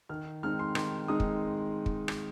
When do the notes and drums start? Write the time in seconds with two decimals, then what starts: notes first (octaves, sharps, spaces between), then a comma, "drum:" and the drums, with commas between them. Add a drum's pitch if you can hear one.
0.09 D#3 F6
0.43 G#3 C4 D#4 F6
0.59 C6
0.75 D#3 C6, drum: rim click
1.08 G#3 C4 D#4 D#6
1.20 drum: kick
1.86 drum: kick
2.08 drum: rim click